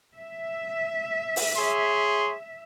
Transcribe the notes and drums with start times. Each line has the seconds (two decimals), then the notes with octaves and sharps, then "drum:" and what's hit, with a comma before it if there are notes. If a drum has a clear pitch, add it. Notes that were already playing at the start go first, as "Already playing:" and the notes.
0.16 E5
1.36 drum: open hi-hat
1.57 G#4 C#5 C6